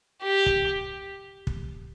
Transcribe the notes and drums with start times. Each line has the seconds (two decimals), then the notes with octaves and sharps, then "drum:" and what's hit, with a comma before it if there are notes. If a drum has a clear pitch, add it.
0.22 G4
0.46 drum: kick
1.47 drum: kick